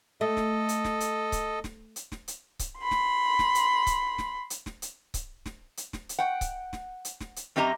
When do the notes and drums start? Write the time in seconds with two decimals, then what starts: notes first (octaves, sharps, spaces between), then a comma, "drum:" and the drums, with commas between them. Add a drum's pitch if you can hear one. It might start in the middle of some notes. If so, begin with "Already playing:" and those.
0.21 A3 A4 D#5
0.37 drum: snare
0.69 drum: hi-hat
0.85 drum: snare
1.00 drum: hi-hat
1.32 drum: kick C#1, hi-hat
1.64 drum: snare
1.96 drum: hi-hat
2.12 drum: snare
2.28 drum: hi-hat
2.59 drum: kick C#1, hi-hat
2.79 B5 C6
2.91 drum: snare
3.39 drum: snare
3.55 drum: hi-hat
3.87 drum: kick C#1, hi-hat
4.18 drum: snare
4.50 drum: hi-hat
4.66 drum: snare
4.82 drum: hi-hat
5.14 drum: kick C#1, hi-hat
5.46 drum: snare
5.77 drum: hi-hat
5.93 drum: snare
6.09 drum: hi-hat
6.19 F#5 G5
6.41 drum: kick C#1, hi-hat
6.73 drum: snare
7.05 drum: hi-hat
7.21 drum: snare
7.36 drum: hi-hat
7.56 F#2 C4 G4 D#5 E5 A#5